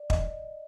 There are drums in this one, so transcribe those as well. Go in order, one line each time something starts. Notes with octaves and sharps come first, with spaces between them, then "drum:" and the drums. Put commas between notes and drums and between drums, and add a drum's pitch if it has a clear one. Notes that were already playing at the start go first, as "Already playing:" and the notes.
Already playing: D5
D#5, drum: kick